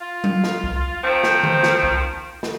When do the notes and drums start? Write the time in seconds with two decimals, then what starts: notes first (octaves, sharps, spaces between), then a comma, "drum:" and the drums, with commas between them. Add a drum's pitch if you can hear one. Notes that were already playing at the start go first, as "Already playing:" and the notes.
0.01 F4
0.24 drum: tom F#3
0.44 drum: snare
0.64 drum: kick C2
1.03 D#3 F3 C4
1.23 drum: snare
1.43 drum: tom D3
1.63 drum: snare
1.83 drum: kick C2
2.43 drum: snare